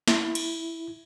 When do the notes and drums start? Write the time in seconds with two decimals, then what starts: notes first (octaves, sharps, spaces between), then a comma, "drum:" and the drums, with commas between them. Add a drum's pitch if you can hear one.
0.08 E4, drum: snare
0.35 drum: cymbal